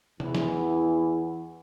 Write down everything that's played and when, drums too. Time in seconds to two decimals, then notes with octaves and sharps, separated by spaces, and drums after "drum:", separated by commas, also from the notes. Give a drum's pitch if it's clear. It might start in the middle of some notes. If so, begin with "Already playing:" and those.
0.20 E2 E4, drum: tom
0.35 drum: snare